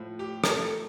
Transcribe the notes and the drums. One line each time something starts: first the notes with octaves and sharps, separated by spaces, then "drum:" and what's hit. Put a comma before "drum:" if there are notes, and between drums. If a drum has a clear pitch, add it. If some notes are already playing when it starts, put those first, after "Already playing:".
Already playing: A2 F3
G4
A#4, drum: rim click
A4